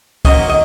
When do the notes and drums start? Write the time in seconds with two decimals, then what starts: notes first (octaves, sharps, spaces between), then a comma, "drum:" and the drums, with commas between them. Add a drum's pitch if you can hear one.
0.25 G#2 D#3 F#3 A#3 C#4 D#5, drum: kick, open hi-hat
0.49 D#5